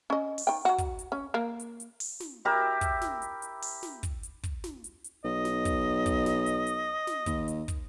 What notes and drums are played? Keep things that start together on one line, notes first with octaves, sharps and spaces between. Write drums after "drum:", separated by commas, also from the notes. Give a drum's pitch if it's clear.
C#4 D#5
drum: open hi-hat
D#3 G5
F#3 F#4
drum: kick, hi-hat
drum: hi-hat
C#4
A#3
drum: hi-hat
drum: hi-hat
drum: open hi-hat
drum: snare
E4 G4 A#4 E5
drum: kick, hi-hat
drum: snare
drum: hi-hat
drum: hi-hat
drum: open hi-hat
drum: snare
drum: kick, hi-hat
drum: hi-hat
drum: kick, hi-hat
drum: snare
drum: hi-hat
drum: hi-hat
B1 D#5
drum: snare
drum: kick, hi-hat
drum: kick, hi-hat
drum: snare
drum: hi-hat
drum: hi-hat
drum: snare
D#2, drum: kick, hi-hat
drum: hi-hat
drum: kick, hi-hat